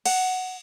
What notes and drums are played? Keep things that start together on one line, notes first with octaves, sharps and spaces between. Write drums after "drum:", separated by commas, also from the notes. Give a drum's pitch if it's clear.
F#5, drum: cymbal